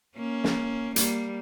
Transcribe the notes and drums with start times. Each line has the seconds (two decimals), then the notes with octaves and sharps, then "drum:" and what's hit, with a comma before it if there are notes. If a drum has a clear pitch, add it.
0.18 A#3 C#4
0.44 drum: snare
0.96 G3 A#3, drum: hi-hat